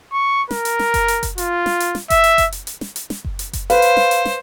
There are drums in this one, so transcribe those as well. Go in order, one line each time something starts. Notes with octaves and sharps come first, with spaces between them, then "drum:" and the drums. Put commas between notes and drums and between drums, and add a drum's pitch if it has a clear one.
C#6
A#4, drum: snare
drum: hi-hat
drum: snare
drum: kick F#1, hi-hat
drum: hi-hat
drum: kick F#1, hi-hat
F4, drum: hi-hat
drum: snare
drum: hi-hat
drum: snare
E5, drum: kick F#1, hi-hat
drum: hi-hat
drum: kick F#1, hi-hat
drum: hi-hat
drum: hi-hat
drum: snare
drum: hi-hat
drum: snare
drum: kick F#1
drum: hi-hat
drum: kick F#1, hi-hat
B4 C5 F5, drum: hi-hat
drum: hi-hat
drum: snare
drum: hi-hat
drum: snare